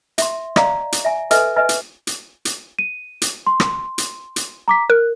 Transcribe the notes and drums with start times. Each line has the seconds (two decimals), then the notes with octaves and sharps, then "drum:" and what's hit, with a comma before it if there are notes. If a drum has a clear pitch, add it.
0.18 E5 C6, drum: hi-hat
0.56 D5 D#5 F5 A#5, drum: rim click
0.92 drum: hi-hat
1.05 E5 G#5
1.31 A4 B4 D#5 E5 G#5, drum: hi-hat
1.56 B4 D#5 E5 G#5
1.69 drum: hi-hat
2.07 drum: hi-hat
2.45 drum: hi-hat
2.79 D#7
3.22 drum: hi-hat
3.47 C6
3.60 drum: rim click
3.98 drum: hi-hat
4.36 drum: hi-hat
4.68 A#5 D6 B6
4.90 A#4 F#6